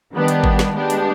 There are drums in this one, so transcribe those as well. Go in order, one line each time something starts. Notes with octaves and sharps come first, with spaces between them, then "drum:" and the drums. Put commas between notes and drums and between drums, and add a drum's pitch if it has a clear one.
D#3 G3 B3 D4 G4
drum: hi-hat
drum: kick G#1
drum: snare
G#3 B3 D4 G4
drum: hi-hat